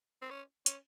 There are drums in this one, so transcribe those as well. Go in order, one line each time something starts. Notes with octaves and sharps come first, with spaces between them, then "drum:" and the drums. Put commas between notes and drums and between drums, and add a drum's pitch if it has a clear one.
C4
C#4
C#4, drum: hi-hat